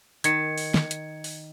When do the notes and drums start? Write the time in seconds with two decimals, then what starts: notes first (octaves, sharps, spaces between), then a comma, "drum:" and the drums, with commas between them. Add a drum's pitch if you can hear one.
0.24 D#3 G#6 C#7, drum: hi-hat
0.58 drum: open hi-hat
0.74 drum: snare
0.91 drum: hi-hat
1.24 drum: open hi-hat